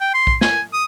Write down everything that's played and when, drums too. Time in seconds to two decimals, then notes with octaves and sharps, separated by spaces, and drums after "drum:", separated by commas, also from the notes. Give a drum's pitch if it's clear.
0.01 G5
0.14 C6
0.27 drum: kick A#1
0.41 G#5, drum: snare
0.73 D#6